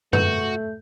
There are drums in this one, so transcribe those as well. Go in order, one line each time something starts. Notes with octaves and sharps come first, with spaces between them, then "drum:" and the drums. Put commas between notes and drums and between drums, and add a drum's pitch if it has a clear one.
A3 F#4 B4 G6, drum: tom F#2